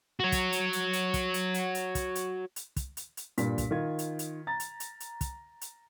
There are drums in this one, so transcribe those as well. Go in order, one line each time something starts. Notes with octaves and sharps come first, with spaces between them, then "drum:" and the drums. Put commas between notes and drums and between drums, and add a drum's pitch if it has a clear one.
F#4 C#5
drum: kick, hi-hat
drum: hi-hat
drum: hi-hat
drum: hi-hat
drum: kick, hi-hat
drum: hi-hat
drum: hi-hat
drum: hi-hat
drum: kick, hi-hat
drum: hi-hat
drum: hi-hat
drum: kick, hi-hat
drum: hi-hat
drum: hi-hat
G2 A#2 B6, drum: hi-hat
drum: kick, hi-hat
D#3 F4 G#6
drum: hi-hat
drum: hi-hat
A#5 A6
drum: hi-hat
drum: hi-hat
drum: hi-hat
drum: kick, hi-hat
drum: hi-hat